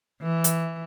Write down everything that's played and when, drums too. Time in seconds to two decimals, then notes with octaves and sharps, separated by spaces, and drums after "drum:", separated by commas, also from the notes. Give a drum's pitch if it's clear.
0.22 E3
0.44 drum: hi-hat